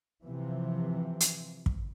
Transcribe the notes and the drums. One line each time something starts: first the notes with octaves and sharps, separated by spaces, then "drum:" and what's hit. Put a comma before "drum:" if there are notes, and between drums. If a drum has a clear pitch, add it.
C3 E3 F3
drum: hi-hat
drum: kick